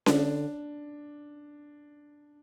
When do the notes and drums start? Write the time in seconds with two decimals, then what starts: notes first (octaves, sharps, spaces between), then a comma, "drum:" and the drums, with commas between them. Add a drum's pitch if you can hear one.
0.06 D3 D4, drum: snare C#4